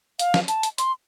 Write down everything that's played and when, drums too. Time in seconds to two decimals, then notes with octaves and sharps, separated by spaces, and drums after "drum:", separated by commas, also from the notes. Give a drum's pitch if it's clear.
0.19 F5, drum: hi-hat
0.34 drum: snare
0.48 A5, drum: hi-hat
0.63 drum: hi-hat
0.78 C6, drum: hi-hat